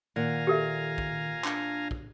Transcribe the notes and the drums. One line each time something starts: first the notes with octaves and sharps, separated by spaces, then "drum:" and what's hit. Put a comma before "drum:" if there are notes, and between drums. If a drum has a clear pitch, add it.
A#2 D#3 F5 F#5 G#5 A#5
G4 A4 E5
drum: kick
D4, drum: clap
drum: kick